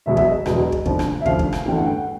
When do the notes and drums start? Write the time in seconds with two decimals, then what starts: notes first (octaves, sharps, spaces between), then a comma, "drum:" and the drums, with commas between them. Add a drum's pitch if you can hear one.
0.06 E1 E2 B2 F#3 E5
0.17 E5, drum: kick
0.26 D#5
0.46 E1 E2 B2 F#3, drum: rim click
0.72 drum: kick
0.86 F1 D#2 D3 F3, drum: kick
0.99 drum: rim click
1.21 E5
1.26 F1 D#2 D3 F3 F5, drum: kick
1.39 drum: kick
1.53 drum: rim click
1.66 G1 G2 E3 A3 G5
1.76 F#5
1.86 G5
1.96 F#5